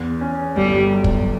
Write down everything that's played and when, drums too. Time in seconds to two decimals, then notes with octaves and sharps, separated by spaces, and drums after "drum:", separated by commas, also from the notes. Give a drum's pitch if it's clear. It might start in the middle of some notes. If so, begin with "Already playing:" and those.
Already playing: E2
0.21 C#4
0.56 G1 G3
0.92 F#3
1.04 drum: kick